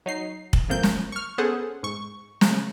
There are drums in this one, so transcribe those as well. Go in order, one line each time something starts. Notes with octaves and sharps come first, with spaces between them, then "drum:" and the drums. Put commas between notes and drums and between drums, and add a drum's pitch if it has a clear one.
F#3 D#4 C7
drum: kick
G#1 D2 F3 A#3 C4 G6
drum: snare
C#6 F6
B3 C#4 G#4 A4 C5 F#5
G#2 C#6
C#3, drum: snare